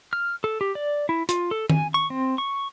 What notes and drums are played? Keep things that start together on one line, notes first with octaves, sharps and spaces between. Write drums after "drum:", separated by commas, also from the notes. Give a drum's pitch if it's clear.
F6
A4
G4
D5
E4
F4, drum: hi-hat
A4
G#5, drum: tom D#3
C#6
C4
C#6